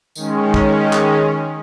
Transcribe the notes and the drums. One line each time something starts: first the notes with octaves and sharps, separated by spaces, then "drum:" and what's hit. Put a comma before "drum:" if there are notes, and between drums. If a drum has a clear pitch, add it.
D#3 G#3 C#4, drum: tambourine
drum: kick
drum: clap